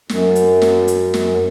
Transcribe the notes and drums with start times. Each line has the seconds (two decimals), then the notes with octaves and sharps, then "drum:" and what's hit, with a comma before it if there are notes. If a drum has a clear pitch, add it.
0.09 F#2, drum: snare
0.35 drum: hi-hat
0.62 drum: snare
0.88 drum: hi-hat
1.14 drum: snare